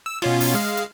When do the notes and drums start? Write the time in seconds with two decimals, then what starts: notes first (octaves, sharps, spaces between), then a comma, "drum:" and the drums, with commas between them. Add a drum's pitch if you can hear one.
0.06 E6
0.22 B2 C#4 F4, drum: snare
0.40 drum: open hi-hat
0.54 G#3 F5
0.77 drum: hi-hat